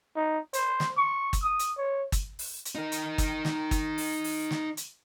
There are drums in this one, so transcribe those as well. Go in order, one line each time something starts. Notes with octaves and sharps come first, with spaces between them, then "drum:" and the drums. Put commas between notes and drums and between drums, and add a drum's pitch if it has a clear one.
D#4
C5, drum: hi-hat
drum: snare
C#6
drum: kick, hi-hat
D#6
drum: hi-hat
C#5
drum: kick, hi-hat
drum: open hi-hat
drum: hi-hat
D#4 A#4
drum: hi-hat
drum: kick, hi-hat
drum: snare
drum: kick, hi-hat
drum: open hi-hat
drum: open hi-hat
drum: snare
drum: hi-hat